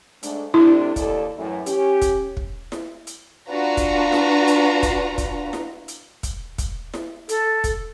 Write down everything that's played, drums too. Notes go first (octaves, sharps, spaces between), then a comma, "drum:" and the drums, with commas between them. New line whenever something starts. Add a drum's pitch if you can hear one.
G#2 A3 D4, drum: hi-hat
C3 A3 D4 E4
D#2 A4 D5, drum: kick, hi-hat
F#2 A2 E3
C#4 G4, drum: hi-hat
drum: kick, hi-hat
drum: kick
drum: snare E4
drum: hi-hat
D4 F4 F#4 B4 A#5
drum: kick, hi-hat
drum: snare E4
drum: hi-hat
drum: kick, hi-hat
drum: kick, hi-hat
drum: snare E4
drum: hi-hat
drum: kick, hi-hat
drum: kick, hi-hat
drum: snare E4
A4, drum: hi-hat
drum: kick, hi-hat